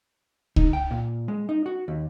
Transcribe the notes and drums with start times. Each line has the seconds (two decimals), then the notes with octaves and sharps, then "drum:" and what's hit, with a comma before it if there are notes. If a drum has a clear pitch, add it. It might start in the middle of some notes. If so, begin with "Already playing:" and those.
0.56 D#4, drum: kick C#2
0.73 G5
0.91 A#2
1.28 G#3
1.49 D#4
1.66 F#4
1.88 D#2